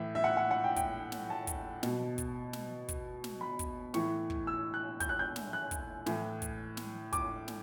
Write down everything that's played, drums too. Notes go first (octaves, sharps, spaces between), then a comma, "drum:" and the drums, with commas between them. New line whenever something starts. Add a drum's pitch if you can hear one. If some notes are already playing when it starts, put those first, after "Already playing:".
Already playing: A2 E3 E5
E5
F#5
F#5
F#5
G5
G5, drum: kick, hi-hat
drum: snare
A5
drum: kick, hi-hat
B2, drum: snare
drum: kick, hi-hat
drum: snare
drum: kick, hi-hat
drum: snare
B5
drum: kick, hi-hat
A2 E3 C#6, drum: snare
drum: kick
E6
F#6
G6, drum: kick, hi-hat
F#6
G6
drum: snare
F#6
drum: kick, hi-hat
A2 E3, drum: snare
drum: kick, hi-hat
drum: snare
D6, drum: kick, hi-hat
drum: snare